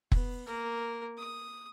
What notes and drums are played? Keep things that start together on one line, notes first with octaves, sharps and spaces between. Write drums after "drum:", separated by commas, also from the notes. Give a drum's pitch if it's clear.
B3, drum: kick F1
A#3 A#4
D#6